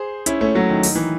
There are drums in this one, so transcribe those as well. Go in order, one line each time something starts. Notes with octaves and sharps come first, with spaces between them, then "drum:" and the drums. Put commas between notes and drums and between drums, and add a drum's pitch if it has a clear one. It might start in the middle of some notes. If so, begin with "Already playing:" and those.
Already playing: G#4 C5
C#4 E4, drum: hi-hat
A3 C#4
F#3 A3
D#3
D#3, drum: open hi-hat
E3